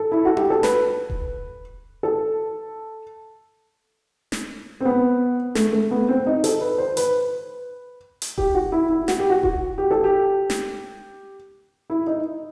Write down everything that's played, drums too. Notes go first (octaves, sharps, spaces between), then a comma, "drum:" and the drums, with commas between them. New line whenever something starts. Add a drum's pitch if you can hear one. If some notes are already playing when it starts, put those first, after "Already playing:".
Already playing: A4
E4
F#4
G4, drum: tom D4
A4
B4, drum: snare
drum: kick D#1
A4
drum: snare
C4
B3
A3, drum: snare
A3
B3
C4
D#4
A4, drum: hi-hat
B4
C5
B4, drum: hi-hat
drum: hi-hat
G4, drum: kick D#1
F#4
E4
E4
F#4, drum: snare
G4
F#4
F#4, drum: kick D#1
G4
A4
G4
drum: snare
E4
D#4